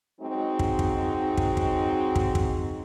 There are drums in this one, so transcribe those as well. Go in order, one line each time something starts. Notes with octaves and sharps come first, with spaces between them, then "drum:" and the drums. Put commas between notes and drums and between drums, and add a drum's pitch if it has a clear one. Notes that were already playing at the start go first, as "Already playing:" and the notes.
F#3 G#3 C4 D#4 F#4
drum: kick
drum: kick
drum: kick
drum: kick
drum: kick
drum: kick